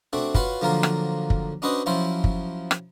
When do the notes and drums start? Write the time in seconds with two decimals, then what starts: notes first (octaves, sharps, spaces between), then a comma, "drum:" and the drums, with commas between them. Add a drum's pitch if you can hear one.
0.13 A3 C4 D4 F#4
0.35 F4 F#4 B4 C#5 F5 F#5, drum: kick
0.61 D3 F3 F#3 A#3 F4 A#4
0.83 drum: rim click
1.30 drum: kick
1.62 C#4 D4 F#4 B4 C5 D#5
1.86 F3 F#3 C#4 E4 F4 C5
2.24 drum: kick
2.71 drum: rim click